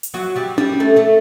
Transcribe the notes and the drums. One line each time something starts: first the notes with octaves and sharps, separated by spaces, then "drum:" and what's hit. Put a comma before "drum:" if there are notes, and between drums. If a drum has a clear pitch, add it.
drum: hi-hat
F#3 F#4
G3 G4
G3 G4, drum: tom C#4
A3 A4
A3 A4